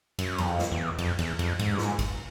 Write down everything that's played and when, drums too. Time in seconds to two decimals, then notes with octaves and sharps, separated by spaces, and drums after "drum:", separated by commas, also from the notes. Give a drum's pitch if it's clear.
0.19 F#2, drum: cymbal
0.38 E2, drum: cymbal
0.46 F2
0.59 drum: snare
0.72 E2
0.98 F2, drum: cymbal
1.19 E2, drum: cymbal
1.39 F2, drum: cymbal
1.59 G#2, drum: cymbal
1.73 G2
1.78 G#2, drum: snare
1.99 drum: kick G#1, cymbal